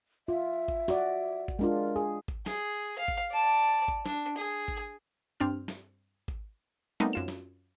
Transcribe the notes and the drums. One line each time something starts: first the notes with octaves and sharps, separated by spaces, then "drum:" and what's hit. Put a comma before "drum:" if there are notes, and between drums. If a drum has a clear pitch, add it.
F4 E5
drum: kick G#1
F#4 D5, drum: snare
drum: kick G#1
G#3 D4 F4 A#4
G#4
drum: kick G#1
G#4, drum: snare
F5
drum: kick G#1
D5 A5
drum: kick G#1
D4, drum: snare
G#4
drum: kick G#1
G2 C4 D4 F6
drum: snare
drum: kick G#1
G3 A3 B3 C4 D#4 A#4
F#2 F4 E7
drum: snare